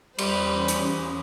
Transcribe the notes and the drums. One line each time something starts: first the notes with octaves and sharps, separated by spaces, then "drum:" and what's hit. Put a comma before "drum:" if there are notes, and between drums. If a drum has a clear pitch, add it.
E2 G3 C#4 C5 B5, drum: cymbal
drum: hi-hat